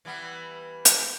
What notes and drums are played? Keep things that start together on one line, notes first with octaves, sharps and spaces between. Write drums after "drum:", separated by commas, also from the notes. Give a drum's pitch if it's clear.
E3 G3 B3
drum: hi-hat